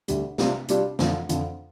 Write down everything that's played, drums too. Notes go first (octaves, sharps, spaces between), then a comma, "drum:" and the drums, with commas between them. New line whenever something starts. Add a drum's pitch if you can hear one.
D2 D3 G3, drum: hi-hat
C3 G3 D4 F4, drum: snare
C3 G3 D4 F4, drum: hi-hat
F2 D3 F3, drum: snare
F2 D3 F3, drum: hi-hat